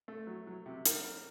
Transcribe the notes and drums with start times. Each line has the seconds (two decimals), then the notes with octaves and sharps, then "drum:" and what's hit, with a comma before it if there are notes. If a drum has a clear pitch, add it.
0.08 A3
0.27 F#3
0.47 F#3
0.66 C3
0.85 A#4, drum: hi-hat
1.04 A#4